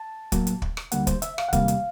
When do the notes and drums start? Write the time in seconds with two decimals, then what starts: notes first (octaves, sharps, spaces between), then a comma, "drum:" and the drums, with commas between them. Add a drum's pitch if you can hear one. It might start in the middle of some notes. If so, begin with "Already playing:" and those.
Already playing: A5
0.32 A2 F#3 A#3, drum: kick, hi-hat
0.47 drum: hi-hat
0.62 drum: kick
0.77 drum: rim click
0.92 D2 D3 G3 A#3 F#5, drum: hi-hat
1.07 C5, drum: kick, hi-hat
1.22 E5, drum: hi-hat
1.38 F5, drum: rim click
1.49 F#5
1.53 E2 C3 D#3 G3 A#3 F5, drum: kick, hi-hat
1.68 drum: hi-hat